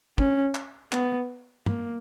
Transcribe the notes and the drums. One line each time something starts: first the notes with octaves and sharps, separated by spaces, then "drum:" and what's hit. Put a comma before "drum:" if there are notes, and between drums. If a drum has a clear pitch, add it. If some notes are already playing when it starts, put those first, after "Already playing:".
C#4, drum: kick
drum: clap
B3, drum: clap
A#3, drum: tom